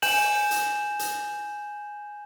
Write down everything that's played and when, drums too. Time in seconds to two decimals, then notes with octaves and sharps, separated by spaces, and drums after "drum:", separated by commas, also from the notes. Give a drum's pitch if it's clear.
0.02 G#5 G6 E7 F#7, drum: open hi-hat
0.51 drum: hi-hat
0.99 drum: hi-hat